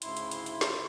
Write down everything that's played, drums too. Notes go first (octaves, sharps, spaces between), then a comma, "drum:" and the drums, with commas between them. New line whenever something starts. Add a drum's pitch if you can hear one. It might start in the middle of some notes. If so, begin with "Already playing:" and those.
D2 G#2 C#3 E4 C6, drum: hi-hat
drum: hi-hat
drum: hi-hat
drum: hi-hat
drum: snare